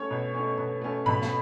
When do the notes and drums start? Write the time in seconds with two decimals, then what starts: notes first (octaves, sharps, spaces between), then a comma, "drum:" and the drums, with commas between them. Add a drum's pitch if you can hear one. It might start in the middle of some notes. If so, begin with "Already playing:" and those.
Already playing: A3 C#4 C#5 C#6
0.11 B2
0.34 A3 C#4
0.58 B2
0.81 A3 C#4
1.06 B2 B5, drum: tom G#2
1.22 drum: snare